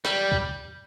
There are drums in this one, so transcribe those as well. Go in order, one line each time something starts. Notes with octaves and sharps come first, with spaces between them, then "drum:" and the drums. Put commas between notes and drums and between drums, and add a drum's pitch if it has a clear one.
G3, drum: snare
drum: kick